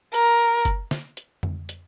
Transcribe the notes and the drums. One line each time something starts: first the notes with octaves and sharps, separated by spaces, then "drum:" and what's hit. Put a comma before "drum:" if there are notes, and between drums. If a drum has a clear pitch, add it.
A#4, drum: hi-hat
drum: kick F#1, hi-hat
drum: snare
drum: hi-hat
drum: tom F2
drum: hi-hat